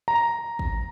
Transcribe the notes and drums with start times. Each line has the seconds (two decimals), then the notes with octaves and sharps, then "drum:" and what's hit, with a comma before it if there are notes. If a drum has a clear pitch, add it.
0.08 A#5
0.59 drum: kick